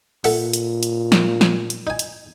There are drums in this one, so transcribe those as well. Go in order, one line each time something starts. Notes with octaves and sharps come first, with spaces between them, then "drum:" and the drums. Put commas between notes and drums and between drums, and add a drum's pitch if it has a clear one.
A#2 A4 E5 F#5, drum: open hi-hat
drum: hi-hat
drum: hi-hat
drum: snare
drum: snare
drum: hi-hat
D#4 G#5
drum: hi-hat